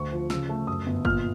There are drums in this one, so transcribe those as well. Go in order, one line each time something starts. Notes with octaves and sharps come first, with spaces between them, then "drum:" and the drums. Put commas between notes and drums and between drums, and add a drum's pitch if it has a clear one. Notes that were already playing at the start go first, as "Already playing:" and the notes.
Already playing: D2 C#6
F3
C#3 E6, drum: snare
A3
F#2 D#6
G1
A#2 F6, drum: kick G1